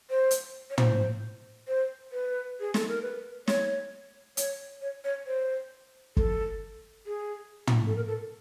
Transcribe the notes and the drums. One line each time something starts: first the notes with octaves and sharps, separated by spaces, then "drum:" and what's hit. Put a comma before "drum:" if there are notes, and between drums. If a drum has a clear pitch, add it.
C5
drum: hi-hat
C#5
C5, drum: tom
C5
B4
G#4
A4, drum: snare
A#4
B4
C#5, drum: snare
C#5, drum: hi-hat
C#5
C#5
C5
A4, drum: kick
G#4
drum: tom
A4
A#4
A4